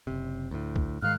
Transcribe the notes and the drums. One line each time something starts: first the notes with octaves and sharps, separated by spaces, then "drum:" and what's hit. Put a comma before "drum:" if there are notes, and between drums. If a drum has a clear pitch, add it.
F#1 C3
D2 A2
drum: kick B1
G#2 D#3 G#3 F5 F6 F#6